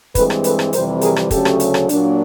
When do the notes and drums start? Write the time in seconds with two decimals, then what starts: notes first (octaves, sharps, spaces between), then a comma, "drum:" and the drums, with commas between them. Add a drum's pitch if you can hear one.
0.15 G2 E3 G#3 C4 A4 B4, drum: kick, hi-hat
0.30 drum: rim click
0.44 A4 B4, drum: hi-hat
0.59 drum: rim click
0.73 F2 C3 E3 G3 A#4 C5, drum: hi-hat
1.01 G#4 A#4, drum: hi-hat
1.16 drum: rim click
1.31 D2 C#3 F#3 A3 C#4 G4 A4, drum: kick, hi-hat
1.45 drum: rim click
1.60 drum: hi-hat
1.74 drum: rim click
1.89 A#2 F#3 A#3 D4, drum: hi-hat